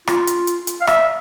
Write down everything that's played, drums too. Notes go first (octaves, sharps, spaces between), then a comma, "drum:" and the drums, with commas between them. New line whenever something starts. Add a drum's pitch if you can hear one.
F4, drum: rim click
drum: hi-hat
drum: hi-hat
drum: hi-hat
F5
E5, drum: rim click